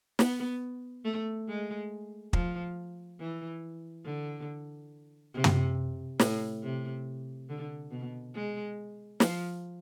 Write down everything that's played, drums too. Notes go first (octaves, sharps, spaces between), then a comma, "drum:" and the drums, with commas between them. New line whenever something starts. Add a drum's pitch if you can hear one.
B3, drum: snare
A3
G#3
F3, drum: kick
E3
D3
C3
drum: tom
A2, drum: snare
C3
D3
B2
G#3
F3, drum: snare